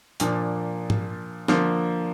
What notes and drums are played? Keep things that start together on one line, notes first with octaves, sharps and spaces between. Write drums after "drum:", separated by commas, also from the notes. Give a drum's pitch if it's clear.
A#2 F3 A#3 D4, drum: hi-hat
drum: tom G#2
D3 F3 A#3, drum: snare